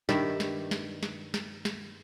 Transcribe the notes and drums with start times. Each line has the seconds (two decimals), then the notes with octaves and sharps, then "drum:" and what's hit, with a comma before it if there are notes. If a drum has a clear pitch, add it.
0.09 G2 D#3 D5 E5, drum: snare
0.40 drum: snare
0.71 drum: snare
1.03 drum: snare
1.34 drum: snare
1.65 drum: snare